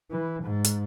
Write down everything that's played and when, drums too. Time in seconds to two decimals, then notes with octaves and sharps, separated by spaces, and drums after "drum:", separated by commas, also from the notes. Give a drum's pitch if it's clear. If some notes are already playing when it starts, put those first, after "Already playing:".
0.11 E3
0.43 G#2
0.64 drum: hi-hat